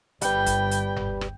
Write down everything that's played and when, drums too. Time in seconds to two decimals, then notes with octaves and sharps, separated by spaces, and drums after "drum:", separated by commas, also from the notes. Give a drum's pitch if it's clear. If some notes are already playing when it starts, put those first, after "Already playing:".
0.22 G1 G3 B4 G5, drum: hi-hat
0.46 drum: kick, hi-hat
0.71 drum: hi-hat
0.96 drum: tom F#1
1.21 drum: rim click